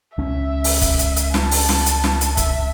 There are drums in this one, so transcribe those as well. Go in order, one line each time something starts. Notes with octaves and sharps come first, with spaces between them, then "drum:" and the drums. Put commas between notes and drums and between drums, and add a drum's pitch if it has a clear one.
C#2 C#4 E5
drum: open hi-hat
drum: kick, hi-hat
drum: hi-hat
drum: hi-hat
A5, drum: snare
drum: open hi-hat
drum: snare
drum: hi-hat
drum: snare
drum: hi-hat
E5, drum: kick, hi-hat